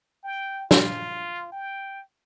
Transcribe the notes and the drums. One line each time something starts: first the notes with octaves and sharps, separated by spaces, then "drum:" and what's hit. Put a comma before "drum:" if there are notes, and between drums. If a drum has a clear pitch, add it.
G5
F4, drum: snare
G5